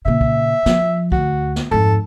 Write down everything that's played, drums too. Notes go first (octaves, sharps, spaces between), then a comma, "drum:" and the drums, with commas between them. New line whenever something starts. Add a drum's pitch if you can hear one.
A#2 C#3 E5
drum: kick
F3, drum: snare
D2 F#4, drum: kick
drum: snare
F2 G#2 A4